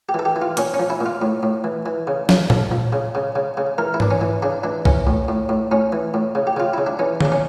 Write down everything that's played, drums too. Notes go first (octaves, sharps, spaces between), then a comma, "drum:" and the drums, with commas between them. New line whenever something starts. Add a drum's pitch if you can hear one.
G4
E3 A4
G4
E3
F4
A#2 C#4, drum: hi-hat
C#4
F3
E4
A#2
F4
A2
A2
E3
E3
C#3
C#3, drum: snare
F3 A4, drum: tom A#2
F3
C#3
C#3
C#3
C#3
E3 A#4
E4
E3 D4, drum: tom G#2
C#4
E3
C#3 D4
E3 D4
E3 C#4, drum: kick B1
A2
A2
A2
A2 C#4
E3
A2
C#3
G4
C#3 F4
C#3 E4
D4
E3 C#4
C#3 D4, drum: tom D3
C#4